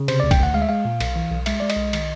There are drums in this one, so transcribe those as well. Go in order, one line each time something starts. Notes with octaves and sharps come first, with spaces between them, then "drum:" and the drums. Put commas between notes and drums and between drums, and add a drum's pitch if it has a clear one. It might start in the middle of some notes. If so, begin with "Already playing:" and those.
Already playing: C#3
C3 C5, drum: cymbal
D2 D5
G5, drum: kick A#1, cymbal
D2 F#5
G#3 F5
E5
G#3 F5
A#2
B1, drum: cymbal
E3
B1
G#3 E5, drum: cymbal
G#3 D5
D#5, drum: cymbal
B1
D#3, drum: cymbal